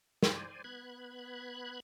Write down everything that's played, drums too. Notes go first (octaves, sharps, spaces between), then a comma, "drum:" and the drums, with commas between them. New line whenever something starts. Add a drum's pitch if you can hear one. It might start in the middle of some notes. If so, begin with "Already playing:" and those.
C5 D5 G#5, drum: snare
B3 B5 F#6 G#6